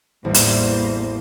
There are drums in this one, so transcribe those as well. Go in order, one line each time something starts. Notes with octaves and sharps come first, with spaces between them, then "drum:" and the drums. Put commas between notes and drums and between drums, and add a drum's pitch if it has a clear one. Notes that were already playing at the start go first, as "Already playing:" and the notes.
A1 E2 G3 A#3 C5
drum: hi-hat